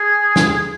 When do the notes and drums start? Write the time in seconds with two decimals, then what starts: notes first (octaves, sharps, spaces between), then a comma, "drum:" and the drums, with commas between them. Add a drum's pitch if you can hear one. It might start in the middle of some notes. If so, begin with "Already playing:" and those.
Already playing: G#4
0.36 drum: snare